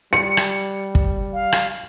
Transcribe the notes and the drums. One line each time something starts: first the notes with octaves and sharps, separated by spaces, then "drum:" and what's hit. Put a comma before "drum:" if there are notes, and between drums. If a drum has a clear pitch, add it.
G3 C#7
drum: rim click
drum: kick
F5
drum: rim click